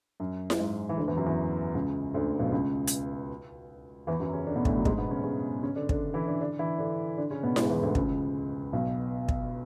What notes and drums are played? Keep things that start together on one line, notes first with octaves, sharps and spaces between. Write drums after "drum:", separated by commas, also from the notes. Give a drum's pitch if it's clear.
F#2
drum: snare E4
G#2
E3
D2 D3
E2 E3
F#2 F#3
E2 E3
C#2 C#3
D2 D3
B1 B2
C#2 C#3
drum: hi-hat
E2 E3
F#2 F#3
C#3 C#4
D3 D4
B2 B3
A2 A3, drum: kick
F#3
G#2 G#3, drum: kick
B2 B3
C#3 C#4
C#3 C#4
C#3 C#4
D3 D4
D3 D4, drum: kick
E3 E4
D3 D4
D3 D4
E3 E4
D3 D4
D3 D4
C#3 C#4
B2 B3
G#2 G#3, drum: snare E4
E2 E3
D2 D3
C#2 C#3, drum: kick
B1 B2
drum: kick